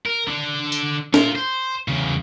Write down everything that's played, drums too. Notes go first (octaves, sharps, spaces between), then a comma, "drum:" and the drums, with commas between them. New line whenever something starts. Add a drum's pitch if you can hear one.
A#4
D3 D4
drum: tambourine
F4 A#4, drum: snare D4
C5
E2 C#3